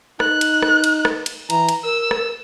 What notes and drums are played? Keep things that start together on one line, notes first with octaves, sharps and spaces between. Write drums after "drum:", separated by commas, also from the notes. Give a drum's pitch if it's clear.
D#4 F#6, drum: rim click
drum: cymbal
drum: rim click
drum: cymbal
drum: rim click
drum: cymbal
E3 A#5, drum: cymbal
drum: cymbal
A#4 E6
drum: rim click